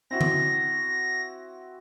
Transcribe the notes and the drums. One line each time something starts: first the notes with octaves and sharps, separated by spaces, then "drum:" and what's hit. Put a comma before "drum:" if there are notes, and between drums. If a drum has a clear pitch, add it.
C4 E4 F#4 A#6
drum: tom D#3